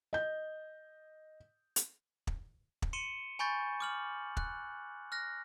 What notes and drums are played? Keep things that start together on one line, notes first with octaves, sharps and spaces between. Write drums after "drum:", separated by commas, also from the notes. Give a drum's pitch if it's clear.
D#5 G6
drum: hi-hat
drum: kick
drum: kick
C6 C#7 D#7 E7 G7
G#5 B5 C#6 G6 A6
D6 F6 F#7
F#6, drum: kick
F6 F#6 A#6